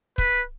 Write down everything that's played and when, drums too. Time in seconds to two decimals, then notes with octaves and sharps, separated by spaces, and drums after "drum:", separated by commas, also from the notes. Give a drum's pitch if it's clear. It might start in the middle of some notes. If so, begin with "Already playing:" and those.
0.18 B4, drum: kick